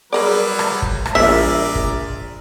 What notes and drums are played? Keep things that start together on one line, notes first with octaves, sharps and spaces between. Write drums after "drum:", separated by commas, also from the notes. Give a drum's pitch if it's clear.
F#3 G3 G#4 A#4 B4 D5
drum: rim click
drum: kick
drum: rim click
A#1 G#3 B3 A#4 D5 E5
drum: kick